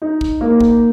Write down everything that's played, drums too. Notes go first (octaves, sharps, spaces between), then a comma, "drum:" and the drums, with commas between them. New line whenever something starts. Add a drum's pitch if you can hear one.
D#4
drum: kick
A#3
drum: kick